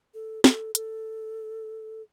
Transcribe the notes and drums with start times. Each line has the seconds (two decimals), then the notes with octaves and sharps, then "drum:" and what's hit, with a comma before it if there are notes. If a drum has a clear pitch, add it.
0.14 A4
0.44 A4, drum: snare
0.75 A4, drum: hi-hat